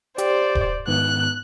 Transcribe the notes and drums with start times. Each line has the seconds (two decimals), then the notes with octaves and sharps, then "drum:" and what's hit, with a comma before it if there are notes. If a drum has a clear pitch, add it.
0.18 G4 C5 D5, drum: hi-hat
0.55 drum: kick D#1
0.87 G#2 D#3 B3 F#6